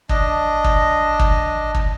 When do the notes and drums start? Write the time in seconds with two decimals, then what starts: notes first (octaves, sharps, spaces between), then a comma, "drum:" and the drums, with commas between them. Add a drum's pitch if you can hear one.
0.09 D4 D#5, drum: kick
0.64 drum: kick
1.19 drum: kick
1.75 drum: kick